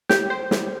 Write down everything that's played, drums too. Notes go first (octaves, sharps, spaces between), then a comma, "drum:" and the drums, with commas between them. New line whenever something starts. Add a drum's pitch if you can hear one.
G4 G6, drum: snare
C5
G3, drum: snare